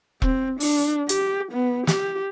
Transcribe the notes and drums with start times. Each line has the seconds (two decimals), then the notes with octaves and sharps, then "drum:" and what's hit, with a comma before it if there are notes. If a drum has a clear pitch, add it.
0.22 C4, drum: kick E1
0.60 D4, drum: open hi-hat
1.09 G4, drum: hi-hat
1.52 B3
1.87 G4, drum: snare